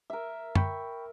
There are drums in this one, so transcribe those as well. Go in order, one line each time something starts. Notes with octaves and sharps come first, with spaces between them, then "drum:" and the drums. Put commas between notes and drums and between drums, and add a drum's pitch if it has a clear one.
A#4 E5
G5 B5 C#6, drum: tom